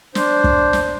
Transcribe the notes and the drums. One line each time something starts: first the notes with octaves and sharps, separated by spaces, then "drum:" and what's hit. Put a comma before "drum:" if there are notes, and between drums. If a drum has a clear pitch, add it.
D4 C5, drum: snare
drum: kick
drum: snare